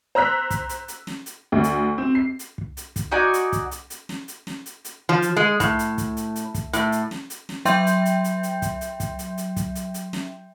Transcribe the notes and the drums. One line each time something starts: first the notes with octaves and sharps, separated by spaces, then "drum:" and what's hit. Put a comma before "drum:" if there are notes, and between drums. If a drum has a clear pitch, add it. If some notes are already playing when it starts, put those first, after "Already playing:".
C5 A#5 E6 F#6 B6
drum: kick, hi-hat
drum: hi-hat
drum: hi-hat
drum: snare
drum: hi-hat
D2
drum: hi-hat
C4
C7
drum: hi-hat
drum: kick
drum: hi-hat
drum: kick, hi-hat
D#4 F#4 D5 G#5
drum: hi-hat
drum: kick, hi-hat
drum: hi-hat
drum: hi-hat
drum: snare
drum: hi-hat
drum: snare
drum: hi-hat
drum: hi-hat
F3
drum: hi-hat
G#3
A2, drum: kick, hi-hat
drum: hi-hat
drum: kick, hi-hat
drum: hi-hat
drum: hi-hat
drum: kick, hi-hat
A2, drum: hi-hat
drum: hi-hat
drum: snare
drum: hi-hat
drum: snare
F#3 E5 G5 C6 G6, drum: hi-hat
drum: hi-hat
drum: hi-hat
drum: hi-hat
drum: hi-hat
drum: kick, hi-hat
drum: hi-hat
drum: kick, hi-hat
drum: hi-hat
drum: hi-hat
drum: kick, hi-hat
drum: hi-hat
drum: hi-hat
drum: snare